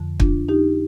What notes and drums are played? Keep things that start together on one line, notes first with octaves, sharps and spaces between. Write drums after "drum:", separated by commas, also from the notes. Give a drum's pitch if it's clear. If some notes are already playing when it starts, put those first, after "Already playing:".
Already playing: F2 D3 F3
D4 F4, drum: kick
D#4 G4